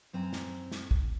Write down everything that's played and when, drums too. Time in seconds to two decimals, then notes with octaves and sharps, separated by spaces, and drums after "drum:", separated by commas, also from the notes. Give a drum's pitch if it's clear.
0.13 F#2 C4 G#5 A#5
0.33 drum: snare
0.72 drum: snare
0.91 drum: kick